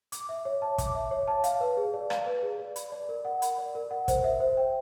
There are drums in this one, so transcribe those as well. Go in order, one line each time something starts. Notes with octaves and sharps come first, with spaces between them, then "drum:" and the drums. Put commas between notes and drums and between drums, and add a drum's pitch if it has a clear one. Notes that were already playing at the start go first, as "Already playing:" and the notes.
D6, drum: hi-hat
E5
C#5
A5
D6, drum: kick, hi-hat
E5
C#5
A5
F5, drum: hi-hat
B4
G#4
D5
F5, drum: rim click
B4
G#4
D5
B5, drum: hi-hat
D5
A#4
F#5
B5, drum: hi-hat
D5
A#4
F#5
C5, drum: kick, hi-hat
E5
C5
G5